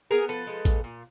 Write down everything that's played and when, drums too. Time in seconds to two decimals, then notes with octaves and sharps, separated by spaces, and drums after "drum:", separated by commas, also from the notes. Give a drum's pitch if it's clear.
0.11 B3 G#4 A#4
0.28 F3 A4 B4
0.47 G#3
0.65 A#2, drum: kick, hi-hat
0.84 A#2